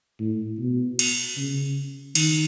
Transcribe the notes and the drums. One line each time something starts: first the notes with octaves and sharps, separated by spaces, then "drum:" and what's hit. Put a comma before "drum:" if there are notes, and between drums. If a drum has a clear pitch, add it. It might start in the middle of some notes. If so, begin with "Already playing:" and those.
A2
B2
drum: cymbal
C#3
D#3, drum: cymbal